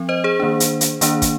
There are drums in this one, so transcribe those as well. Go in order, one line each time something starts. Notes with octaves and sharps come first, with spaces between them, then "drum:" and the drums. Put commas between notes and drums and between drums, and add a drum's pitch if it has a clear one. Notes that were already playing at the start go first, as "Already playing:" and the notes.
Already playing: F3 C4
C5 D#5
G#4 C5
D#3 A#3 D4
drum: hi-hat
drum: hi-hat
D#3 A#3 D4, drum: hi-hat
drum: kick, hi-hat